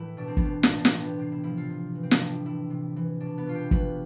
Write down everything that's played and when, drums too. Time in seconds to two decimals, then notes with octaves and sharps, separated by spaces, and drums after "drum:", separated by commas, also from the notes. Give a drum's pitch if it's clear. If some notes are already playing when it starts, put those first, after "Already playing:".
Already playing: A2 E3 E4
0.17 B2 D4
0.28 C4
0.37 B3, drum: kick
0.43 B2 C4
0.63 D4, drum: snare
0.69 A2 C4
0.78 D4
0.85 C4, drum: snare
0.93 E3
1.02 B3
1.19 C3 C4
1.32 E4
1.44 F3 E4
1.57 F4
1.70 C3
1.95 E3
2.03 C4
2.11 D4, drum: snare
2.20 A2 E4
2.45 E3 E4
2.70 C3
2.96 E3
3.20 B2 D4
3.38 B3
3.46 B2 F4
3.55 G4
3.71 B2 B4, drum: kick